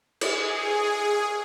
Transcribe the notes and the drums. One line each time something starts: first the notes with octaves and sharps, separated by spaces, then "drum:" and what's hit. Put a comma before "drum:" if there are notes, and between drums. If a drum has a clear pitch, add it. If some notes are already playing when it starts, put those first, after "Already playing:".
G#4, drum: cymbal